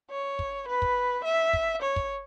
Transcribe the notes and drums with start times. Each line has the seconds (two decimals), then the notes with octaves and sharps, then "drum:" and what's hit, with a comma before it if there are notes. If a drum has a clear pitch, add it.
0.11 C#5
0.39 drum: kick
0.68 B4
0.82 drum: kick
1.24 E5
1.53 drum: kick
1.82 C#5
1.96 drum: kick